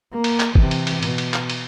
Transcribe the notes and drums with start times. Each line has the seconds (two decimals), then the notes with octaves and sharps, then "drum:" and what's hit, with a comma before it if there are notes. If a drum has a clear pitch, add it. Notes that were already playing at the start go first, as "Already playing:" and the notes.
0.12 A#3
0.24 drum: cymbal
0.40 drum: clap
0.55 C3 E3, drum: kick F#1
0.71 drum: cymbal
0.87 drum: cymbal
1.03 B2, drum: cymbal
1.18 drum: cymbal
1.34 drum: clap
1.50 drum: cymbal